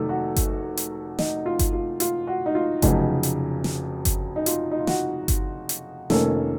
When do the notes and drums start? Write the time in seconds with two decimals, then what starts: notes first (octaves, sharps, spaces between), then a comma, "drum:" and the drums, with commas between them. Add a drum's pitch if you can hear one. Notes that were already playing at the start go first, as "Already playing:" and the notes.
Already playing: F1 D#3 F#3 A3 A4
0.09 F#4
0.36 drum: kick G1, hi-hat
0.77 drum: hi-hat
1.19 D#4, drum: snare
1.46 F4
1.59 drum: kick G1, hi-hat
1.73 F4
2.00 F4, drum: hi-hat
2.27 F#4
2.46 D#4
2.55 F4
2.82 F1 F2 C#3 F#3 D#4, drum: kick G1, hi-hat
3.23 drum: hi-hat
3.64 drum: snare
4.05 drum: kick G1, hi-hat
4.36 D#4
4.46 F4, drum: hi-hat
4.71 D#4
4.79 F4
4.87 F#4, drum: snare
5.28 drum: kick G1, hi-hat
5.69 drum: hi-hat
6.10 F1 F2 D#3 A#3 C#4 A4, drum: snare